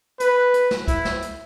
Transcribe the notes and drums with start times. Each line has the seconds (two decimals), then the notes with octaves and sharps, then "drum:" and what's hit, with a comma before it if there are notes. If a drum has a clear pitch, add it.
0.20 B4, drum: hi-hat
0.54 drum: hi-hat
0.71 drum: snare
0.88 E4, drum: kick, hi-hat
1.05 drum: snare
1.22 drum: hi-hat